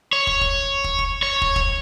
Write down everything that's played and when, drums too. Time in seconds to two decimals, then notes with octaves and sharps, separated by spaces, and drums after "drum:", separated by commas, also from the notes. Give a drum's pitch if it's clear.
0.13 C#5
0.27 drum: kick
0.41 drum: kick
0.84 drum: kick
0.99 drum: kick
1.23 C#5
1.42 drum: kick
1.56 drum: kick